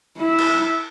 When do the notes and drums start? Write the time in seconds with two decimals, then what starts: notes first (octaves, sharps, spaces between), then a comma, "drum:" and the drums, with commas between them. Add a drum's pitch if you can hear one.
0.17 E4 E5
0.38 drum: cymbal